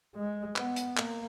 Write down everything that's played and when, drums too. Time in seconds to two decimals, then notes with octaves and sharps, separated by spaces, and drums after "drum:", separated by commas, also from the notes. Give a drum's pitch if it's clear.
0.15 G#3
0.56 B3, drum: clap
0.76 drum: hi-hat
0.97 A#3, drum: clap